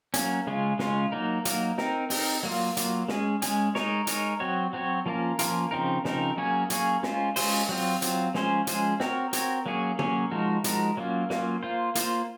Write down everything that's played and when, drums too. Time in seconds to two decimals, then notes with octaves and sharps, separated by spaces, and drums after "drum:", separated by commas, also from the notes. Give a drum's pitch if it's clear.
0.14 F#3 A#3 C#4, drum: hi-hat
0.47 C#3 G#3 C#4 F4
0.79 C#3 G#3 C#4 F4, drum: snare
1.12 F#3 A#3 D#4 A#4
1.45 F#3 A#3 D#4 A#4, drum: hi-hat
1.78 C4 D#4 A#4, drum: snare
2.10 C4 D#4 A#4, drum: open hi-hat
2.43 F#3 A#3 F4
2.77 F#3 A#3 F4, drum: hi-hat
3.08 G#3 C#4 G#4, drum: snare
3.42 G#3 C#4 G#4, drum: hi-hat
3.75 G#3 D#4 A#4 C#5, drum: snare
4.07 G#3 D#4 A#4 C#5, drum: hi-hat
4.40 F#3 C4 F#4 C#5
4.73 F#3 C4 F#4 C#5
5.06 F3 A#3 C#4 F4 A#4
5.39 F3 A#3 C#4 F4 A#4, drum: hi-hat
5.71 C#3 F3 C4 D#4 A#4
6.05 C#3 F3 C4 D#4 A#4, drum: snare
6.37 F#3 A#3 C#4 G#4 C#5
6.70 F#3 A#3 C#4 G#4 C#5, drum: hi-hat
7.03 G#3 C#4 F4 C5, drum: snare
7.36 G#3 C#4 F4 C5, drum: open hi-hat
7.69 F#3 C4 F4
8.02 F#3 C4 F4, drum: hi-hat
8.34 F3 G#3 C#4 G#4 C5, drum: snare
8.67 F3 G#3 C#4 G#4 C5, drum: hi-hat
9.00 C4 F#4 A#4 C#5, drum: snare
9.33 C4 F#4 A#4 C#5, drum: hi-hat
9.66 F#3 A#3 C#4 G#4 C#5
9.99 F#3 A#3 C#4 G#4 C#5, drum: tom
10.31 F3 G#3 D#4 F#4 A#4
10.64 F3 G#3 D#4 F#4 A#4, drum: hi-hat
10.97 F#3 A#3 C#4 F4
11.30 F#3 A#3 C#4 F4, drum: snare
11.63 A#3 F4 C5
11.95 A#3 F4 C5, drum: hi-hat